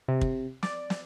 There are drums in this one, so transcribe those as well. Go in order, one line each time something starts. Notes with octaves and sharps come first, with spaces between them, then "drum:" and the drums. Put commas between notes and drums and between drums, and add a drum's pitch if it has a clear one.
C3
drum: kick
D5, drum: snare
drum: snare